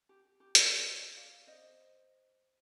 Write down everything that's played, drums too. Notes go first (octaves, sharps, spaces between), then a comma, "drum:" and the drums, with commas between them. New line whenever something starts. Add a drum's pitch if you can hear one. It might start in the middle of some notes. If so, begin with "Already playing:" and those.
G4
G4
A#4 D5, drum: hi-hat
D5
C5 D#5
D5 F5
C5 D#5